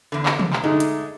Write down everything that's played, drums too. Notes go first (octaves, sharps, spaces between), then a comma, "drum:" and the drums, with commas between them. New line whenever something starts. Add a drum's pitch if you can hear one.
E2 D3
drum: clap
drum: tom
drum: clap
D3 G#3 A3 D#4
drum: hi-hat